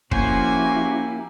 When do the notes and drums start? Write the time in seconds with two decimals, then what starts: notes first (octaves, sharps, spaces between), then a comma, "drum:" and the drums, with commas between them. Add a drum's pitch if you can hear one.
0.11 F3 A#3 C#4 E4 F#4 G4 C5 G#5, drum: kick